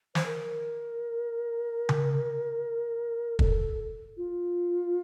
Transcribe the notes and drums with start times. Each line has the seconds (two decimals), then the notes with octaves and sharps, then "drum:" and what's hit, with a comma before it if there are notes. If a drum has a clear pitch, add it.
0.15 C5, drum: snare
0.26 A#4
1.89 drum: tom C#3
3.39 A4, drum: kick
4.17 F4